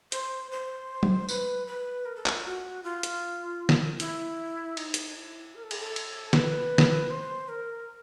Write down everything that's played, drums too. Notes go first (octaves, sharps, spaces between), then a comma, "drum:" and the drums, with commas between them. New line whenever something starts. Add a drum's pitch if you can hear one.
C5, drum: hi-hat
C5
drum: tom F#3
B4, drum: tambourine
B4
A#4
A4
A#4, drum: clap
F4
F#4
F4
drum: hi-hat
drum: snare
E4, drum: hi-hat
D#4, drum: cymbal
drum: hi-hat
E4
A#4
A4
G#4, drum: cymbal
A4
drum: cymbal
B4, drum: snare
drum: snare
C5
A#4